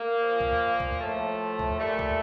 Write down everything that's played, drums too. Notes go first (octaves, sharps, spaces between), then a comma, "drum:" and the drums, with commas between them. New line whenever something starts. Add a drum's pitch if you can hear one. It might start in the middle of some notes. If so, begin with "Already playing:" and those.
Already playing: A#3
A#2 F3
drum: kick
drum: kick
A2 F3 A3
drum: kick
A#2 G3 A3
drum: kick